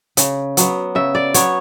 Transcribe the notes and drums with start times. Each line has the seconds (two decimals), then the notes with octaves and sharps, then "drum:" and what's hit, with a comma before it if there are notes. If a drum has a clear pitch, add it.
0.17 C#3, drum: hi-hat
0.57 F#3 B3, drum: hi-hat
0.95 C#3 E5
1.15 D5
1.34 F#3 B3 C#5, drum: hi-hat